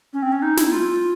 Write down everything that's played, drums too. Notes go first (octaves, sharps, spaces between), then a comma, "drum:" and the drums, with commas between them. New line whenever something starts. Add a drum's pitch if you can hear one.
C#4
C4
C#4
D#4
E4, drum: snare
F4